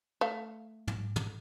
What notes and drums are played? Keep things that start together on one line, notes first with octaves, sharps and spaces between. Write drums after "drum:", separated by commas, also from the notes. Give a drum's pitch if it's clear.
A3 F5
drum: tom
drum: tom